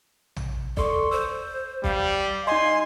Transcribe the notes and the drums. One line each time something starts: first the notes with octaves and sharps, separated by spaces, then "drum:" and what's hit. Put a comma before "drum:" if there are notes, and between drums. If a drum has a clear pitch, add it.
drum: tom A#1
A4 D5 C6 C#6, drum: kick
C5 E6
G3 F5, drum: kick
D#4 D#5 G#5 C6